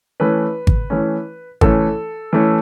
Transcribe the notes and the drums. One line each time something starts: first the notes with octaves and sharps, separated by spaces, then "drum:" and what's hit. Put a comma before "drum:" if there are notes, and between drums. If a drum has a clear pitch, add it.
E3 A3 C#4 B4
drum: kick G#1
E3 A3 C#4
E3 A3 C#4 A4, drum: kick G#1
E3 A3 C#4